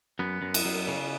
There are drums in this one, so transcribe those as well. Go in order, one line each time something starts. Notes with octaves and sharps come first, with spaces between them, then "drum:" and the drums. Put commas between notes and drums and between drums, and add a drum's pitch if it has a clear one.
F#2 B3
F#2
drum: cymbal
F#2
C#3